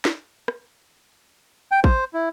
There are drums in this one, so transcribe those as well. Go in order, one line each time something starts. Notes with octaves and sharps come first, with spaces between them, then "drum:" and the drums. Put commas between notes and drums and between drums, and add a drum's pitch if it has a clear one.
drum: snare
drum: rim click
G5
C5, drum: kick
E4